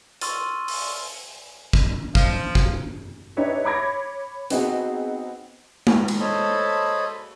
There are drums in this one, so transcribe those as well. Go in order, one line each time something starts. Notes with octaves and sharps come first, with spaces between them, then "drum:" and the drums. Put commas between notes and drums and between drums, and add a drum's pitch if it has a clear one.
C6 C#6 E6 F6 A6 D#7, drum: hi-hat
drum: open hi-hat
drum: kick
F3, drum: kick
drum: kick
D4 D#4 G4 B4 C#5 E5
C#5 B5 D6 G#6 A#6
B3 C4 D#4 F#4 G#4, drum: hi-hat
drum: tom G#3
drum: cymbal
A4 C5 C#5 D#5 A5 B5